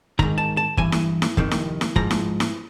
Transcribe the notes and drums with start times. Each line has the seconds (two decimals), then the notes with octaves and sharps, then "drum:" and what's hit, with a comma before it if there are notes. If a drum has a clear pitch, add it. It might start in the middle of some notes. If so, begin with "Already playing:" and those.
0.19 G#2 D#3 A#5, drum: kick
0.38 A5
0.57 A5
0.77 G2 E3 G#5, drum: kick
0.92 drum: snare E4
1.22 drum: snare E4
1.37 F2 C3 D#3, drum: kick
1.51 drum: snare E4
1.81 drum: snare E4
1.96 G#2 F3 A#5, drum: kick
2.11 drum: snare E4
2.40 drum: snare E4